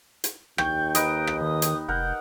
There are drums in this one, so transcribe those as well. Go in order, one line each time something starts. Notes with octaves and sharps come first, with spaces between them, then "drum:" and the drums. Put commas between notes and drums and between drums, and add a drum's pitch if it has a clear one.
drum: hi-hat
D#2 G5 C#6 G6, drum: rim click
D#4 B4 D#5 D7, drum: hi-hat
drum: rim click
D#3 D#6
drum: hi-hat
F1 A#4 F#5 G6